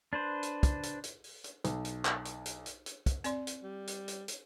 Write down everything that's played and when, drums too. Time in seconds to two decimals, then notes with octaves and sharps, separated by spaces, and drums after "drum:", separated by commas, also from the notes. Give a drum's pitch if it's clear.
0.13 D4 B4 C5
0.43 drum: hi-hat
0.63 drum: kick, hi-hat
0.83 drum: hi-hat
1.04 drum: hi-hat
1.24 drum: open hi-hat
1.44 drum: hi-hat
1.64 B1, drum: hi-hat
1.85 drum: hi-hat
2.05 drum: clap
2.25 drum: hi-hat
2.46 drum: hi-hat
2.66 drum: hi-hat
2.86 drum: hi-hat
3.06 drum: kick, hi-hat
3.24 C4 D5 C6, drum: hi-hat
3.47 drum: hi-hat
3.64 G3
3.87 drum: hi-hat
4.08 drum: hi-hat
4.28 drum: hi-hat